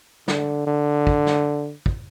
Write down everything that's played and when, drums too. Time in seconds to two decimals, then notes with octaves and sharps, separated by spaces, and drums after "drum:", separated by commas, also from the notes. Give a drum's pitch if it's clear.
0.28 D3, drum: snare
0.67 D3
1.07 drum: kick
1.27 drum: snare
1.86 drum: kick